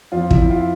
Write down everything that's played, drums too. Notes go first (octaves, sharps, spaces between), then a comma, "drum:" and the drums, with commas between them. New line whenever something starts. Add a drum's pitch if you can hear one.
F2 F4
E4, drum: kick
F2
F4